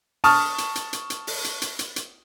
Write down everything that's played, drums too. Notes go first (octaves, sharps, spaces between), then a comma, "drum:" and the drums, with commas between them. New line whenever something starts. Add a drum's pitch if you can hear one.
A5 C#6 D#6 F6, drum: open hi-hat
drum: hi-hat
drum: hi-hat
drum: hi-hat
drum: hi-hat
drum: open hi-hat
drum: hi-hat
drum: hi-hat
drum: hi-hat
drum: hi-hat